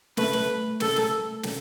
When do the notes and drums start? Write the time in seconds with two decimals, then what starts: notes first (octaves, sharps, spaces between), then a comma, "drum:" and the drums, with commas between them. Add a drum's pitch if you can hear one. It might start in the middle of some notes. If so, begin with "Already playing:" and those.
0.17 A3 B4, drum: snare
0.33 drum: snare
0.80 A4, drum: snare
0.96 drum: snare
1.43 drum: snare